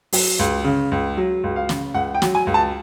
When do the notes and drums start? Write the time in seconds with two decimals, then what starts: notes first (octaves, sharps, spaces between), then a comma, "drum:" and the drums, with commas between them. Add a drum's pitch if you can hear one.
0.13 F#3, drum: open hi-hat
0.39 C#2
0.64 C#3
0.92 C#2
1.17 F#3
1.44 C#2
1.56 F5
1.69 C#3, drum: snare
1.94 C#2 F#5
2.15 G5
2.22 F#3, drum: snare
2.35 G#5
2.47 C#2
2.54 A5